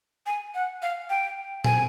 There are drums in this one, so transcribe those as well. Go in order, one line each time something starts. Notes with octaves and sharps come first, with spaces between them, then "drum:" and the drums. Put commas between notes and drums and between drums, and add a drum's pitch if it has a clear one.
G#5
F#5
F5
G5
G#5, drum: tom A#2